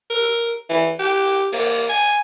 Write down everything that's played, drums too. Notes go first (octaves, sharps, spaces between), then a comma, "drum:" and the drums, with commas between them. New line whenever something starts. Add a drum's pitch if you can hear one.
A#4
E3
G4
A#3, drum: open hi-hat
G#5